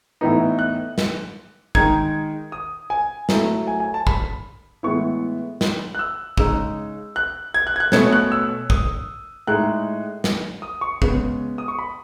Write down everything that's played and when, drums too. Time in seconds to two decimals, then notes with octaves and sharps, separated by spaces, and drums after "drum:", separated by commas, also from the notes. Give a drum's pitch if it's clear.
0.21 A2 E3 B3 D#4
0.59 F#6
0.98 drum: snare
1.75 D#3 G#3 D#4 G#6, drum: kick
2.52 D#6
2.90 G#5
3.29 F#3 A3 E4, drum: snare
3.67 G#5
3.80 G#5
3.94 A5
4.07 B5, drum: kick
4.83 A2 E3 G#3 B3 E4 C#6
5.61 drum: snare
5.95 F#6
5.99 E6
6.37 C#3 G#3 D#4 E6, drum: kick
7.16 F#6
7.54 G#6
7.67 F#6
7.76 G#6
7.80 F#6
7.92 B2 A3 C#4 G#6, drum: snare
8.12 F#6
8.32 E6
8.70 D#6, drum: kick
9.47 A2 G#3 D#4 F#6
10.24 drum: snare
10.62 D#6
10.81 C#6
11.02 C#3 G#3 B3, drum: kick
11.58 D#6
11.68 C#6
11.79 B5